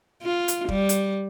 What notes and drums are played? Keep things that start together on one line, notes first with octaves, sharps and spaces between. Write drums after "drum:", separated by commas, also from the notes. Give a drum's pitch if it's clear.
F4
drum: hi-hat
G3, drum: kick
drum: hi-hat